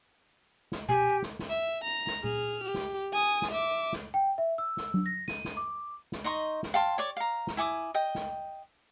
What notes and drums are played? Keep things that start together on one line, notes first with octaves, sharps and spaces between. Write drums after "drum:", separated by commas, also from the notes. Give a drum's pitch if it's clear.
drum: snare
G4 G#5, drum: tom B2
drum: snare
drum: snare
E5
A#5
drum: snare
G#4 F6, drum: tom A#2
G4
drum: snare
G#5 D#6
drum: snare
E5 D6
drum: snare
G5
E5
E6
drum: snare
drum: tom F#3
A#6
D#7, drum: snare
drum: snare
D6
drum: snare
D#4 D#5 C6 C#6
drum: snare
F5 G5 A5 C6
C#5 D5 C#6
F5 A#5
drum: snare
E4 G#5 D6 D#6
D#5 G5
drum: snare